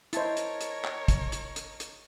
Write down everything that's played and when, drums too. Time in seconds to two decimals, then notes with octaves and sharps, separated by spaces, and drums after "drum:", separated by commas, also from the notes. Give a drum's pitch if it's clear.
0.13 E4 A#4 C5 C#5 D#5 A5 A6, drum: hi-hat
0.37 drum: hi-hat
0.61 drum: hi-hat
0.84 drum: clap
1.08 drum: kick, hi-hat
1.32 drum: hi-hat
1.56 drum: hi-hat
1.80 drum: hi-hat